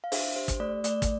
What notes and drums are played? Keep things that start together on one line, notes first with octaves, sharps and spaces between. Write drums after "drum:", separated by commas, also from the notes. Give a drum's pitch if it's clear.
F5
D4 C5 E5, drum: open hi-hat
G4 C5
drum: kick, hi-hat
A3 D5
A3 D5, drum: hi-hat
drum: kick, hi-hat